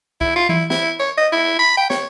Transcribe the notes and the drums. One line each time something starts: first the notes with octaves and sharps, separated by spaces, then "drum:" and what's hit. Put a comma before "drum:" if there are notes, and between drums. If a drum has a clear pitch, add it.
E4, drum: kick C2
F4
E4, drum: tom E3
E4, drum: snare
C#5
D#5
E4
B5
G5
C#5, drum: snare